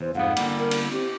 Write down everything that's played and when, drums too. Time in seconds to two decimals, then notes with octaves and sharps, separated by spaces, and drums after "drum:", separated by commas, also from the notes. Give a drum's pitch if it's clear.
0.01 E2 C5
0.15 F2 G#2 B3 F5 F#5
0.36 D3 G3 A#3, drum: cymbal
0.59 A#4
0.71 drum: cymbal
0.91 C4 G4